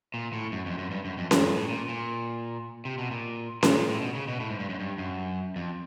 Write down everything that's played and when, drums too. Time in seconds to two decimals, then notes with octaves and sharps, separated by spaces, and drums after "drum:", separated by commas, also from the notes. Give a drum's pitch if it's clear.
0.14 A#2
0.33 A2
0.52 F#2
0.66 F2
0.78 F#2
0.91 G2
1.05 F#2
1.18 F2
1.31 F#2, drum: snare C#4
1.43 G2
1.56 A2
1.69 A#2
1.88 A#2
2.85 C3
2.98 B2
3.11 A#2
3.63 A#2, drum: snare C#4
3.75 A#2
3.89 A2
4.01 B2
4.15 C#3
4.28 B2
4.40 A2
4.50 G#2
4.59 G2
4.69 F#2
4.80 G2
4.98 F#2
5.56 F2